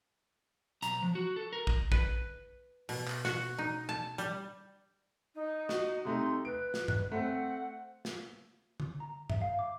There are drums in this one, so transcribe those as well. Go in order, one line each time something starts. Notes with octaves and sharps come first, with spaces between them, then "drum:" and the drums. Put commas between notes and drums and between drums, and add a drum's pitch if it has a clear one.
B1 A#5, drum: hi-hat
F3
F#4
A4
A#4
drum: kick
B4, drum: kick
B2, drum: open hi-hat
drum: clap
F#4, drum: snare
D#4
A5
G3, drum: hi-hat
D#4
F#4, drum: snare
C3 A3 D#4 C6
B4 D7
drum: snare
drum: tom G2
A3 C4 F#5
drum: snare
drum: tom D3
A#5
E5, drum: tom G2
F5
D6